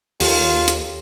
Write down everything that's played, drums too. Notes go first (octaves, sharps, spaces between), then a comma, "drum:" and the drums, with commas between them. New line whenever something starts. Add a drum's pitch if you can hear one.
D#2 F4 G4 A4 C#5, drum: open hi-hat
drum: hi-hat